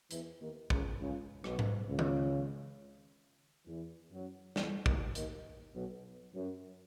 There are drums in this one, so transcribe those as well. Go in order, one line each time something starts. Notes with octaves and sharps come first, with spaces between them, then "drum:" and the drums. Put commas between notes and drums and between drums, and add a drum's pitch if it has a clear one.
E2 E3, drum: hi-hat
D#2 D#3
C#2 C#3, drum: kick
C#2 C#3
B1 B2, drum: rim click
drum: tom G#2
C#2 C#3
drum: tom D#3
E2 E3
F#2 F#3
E2 E3, drum: snare
D#2 D#3, drum: kick
D#2 D#3, drum: hi-hat
B1 B2
F#2